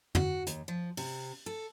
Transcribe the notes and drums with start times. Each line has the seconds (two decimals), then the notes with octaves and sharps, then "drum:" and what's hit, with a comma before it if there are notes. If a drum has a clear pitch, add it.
0.15 F#4, drum: tom
0.47 D#2, drum: hi-hat
0.68 F3
0.97 C3, drum: open hi-hat
1.46 A4